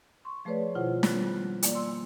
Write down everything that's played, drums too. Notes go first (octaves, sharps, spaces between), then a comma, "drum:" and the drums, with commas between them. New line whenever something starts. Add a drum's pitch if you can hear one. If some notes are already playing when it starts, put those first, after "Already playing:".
C6 C#6
F3 A3 G#4 B4 C#5 D5
B2 D#3 E4 F4 C5 F#5
G3 B3 F4 F#6 A6, drum: snare
A#3 D5, drum: hi-hat
C6 E6